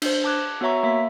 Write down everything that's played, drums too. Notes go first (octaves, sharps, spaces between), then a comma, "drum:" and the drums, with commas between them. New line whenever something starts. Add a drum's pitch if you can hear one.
D4 C5, drum: cymbal
A5 D6 F#6 G#6
B3 F#4 C#5 E5 A#5 C#6
A#3 E5 B6